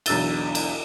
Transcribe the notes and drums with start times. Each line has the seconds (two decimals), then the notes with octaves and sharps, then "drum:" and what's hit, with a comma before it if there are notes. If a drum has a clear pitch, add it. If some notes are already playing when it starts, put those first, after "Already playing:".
0.06 B1 E2 D3 E6 A6 G7, drum: cymbal
0.55 drum: cymbal